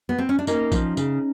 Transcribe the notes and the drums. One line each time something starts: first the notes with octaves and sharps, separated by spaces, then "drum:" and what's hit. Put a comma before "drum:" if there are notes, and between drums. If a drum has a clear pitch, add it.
B3
C4
C#4
D4
A#3 C#4 D#4, drum: tambourine
F3, drum: kick, tambourine
C#3, drum: tambourine